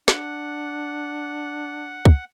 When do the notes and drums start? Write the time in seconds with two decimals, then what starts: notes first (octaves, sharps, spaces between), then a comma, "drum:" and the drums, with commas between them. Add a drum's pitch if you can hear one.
0.08 D4 F#5, drum: snare
2.05 drum: kick